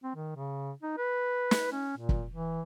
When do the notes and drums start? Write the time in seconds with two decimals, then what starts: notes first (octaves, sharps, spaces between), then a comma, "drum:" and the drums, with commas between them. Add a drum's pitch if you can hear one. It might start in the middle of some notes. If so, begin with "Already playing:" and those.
0.04 C4
0.15 D#3
0.36 C#3
0.83 D#4
0.97 B4
1.51 drum: snare
1.72 C#4
1.97 A#2
2.09 drum: kick
2.32 E3